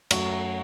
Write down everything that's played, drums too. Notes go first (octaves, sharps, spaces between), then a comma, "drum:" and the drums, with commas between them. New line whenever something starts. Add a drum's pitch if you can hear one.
F#2 F#3 A3 F#4, drum: cymbal